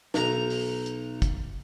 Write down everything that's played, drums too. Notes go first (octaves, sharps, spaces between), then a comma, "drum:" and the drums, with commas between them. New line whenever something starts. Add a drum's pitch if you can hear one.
B1 A#5, drum: snare
drum: open hi-hat
drum: hi-hat
drum: kick, hi-hat